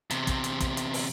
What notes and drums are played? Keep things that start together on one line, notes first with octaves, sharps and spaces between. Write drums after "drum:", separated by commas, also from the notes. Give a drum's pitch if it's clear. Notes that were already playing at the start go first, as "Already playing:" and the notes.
E2 C3, drum: hi-hat
drum: kick, hi-hat
drum: hi-hat
drum: kick, hi-hat
drum: hi-hat
drum: open hi-hat